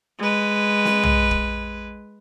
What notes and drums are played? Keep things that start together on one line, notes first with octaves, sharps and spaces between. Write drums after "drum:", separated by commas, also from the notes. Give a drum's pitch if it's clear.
G#3 B4
drum: snare
drum: tom
drum: kick